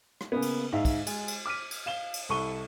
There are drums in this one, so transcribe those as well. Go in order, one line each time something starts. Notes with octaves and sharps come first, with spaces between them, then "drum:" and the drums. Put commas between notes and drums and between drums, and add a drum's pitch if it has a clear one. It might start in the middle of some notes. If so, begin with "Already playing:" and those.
drum: rim click
C#3 A#3 B3
drum: cymbal
G#2 E5 F5
drum: kick, cymbal
G#3, drum: cymbal
drum: cymbal
D6 F6 B6 D#7
drum: cymbal
F5 E7 G7
drum: cymbal
C2 A4 C#6 D#7 G7